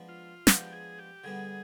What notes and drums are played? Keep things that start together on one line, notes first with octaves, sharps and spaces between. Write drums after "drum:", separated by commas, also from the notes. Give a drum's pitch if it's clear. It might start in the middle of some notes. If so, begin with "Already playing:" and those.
Already playing: F3 G#3 B3 D4
F4
F3 G#3 B3 D4 G4, drum: snare
G#4
G4
D3 G3 B3 G#4